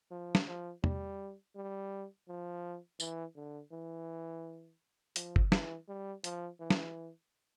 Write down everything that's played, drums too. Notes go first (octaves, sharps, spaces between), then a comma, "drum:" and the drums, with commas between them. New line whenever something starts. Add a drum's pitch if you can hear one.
F3
drum: snare
F3
G3, drum: tom E2
G3
F3
E3, drum: tambourine
D3
E3
F3, drum: hi-hat
drum: kick F#1
E3, drum: snare
G3
F3, drum: hi-hat
E3
drum: snare